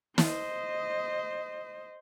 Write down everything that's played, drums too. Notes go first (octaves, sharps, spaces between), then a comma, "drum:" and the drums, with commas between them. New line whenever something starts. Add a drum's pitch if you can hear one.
C5 D#5, drum: snare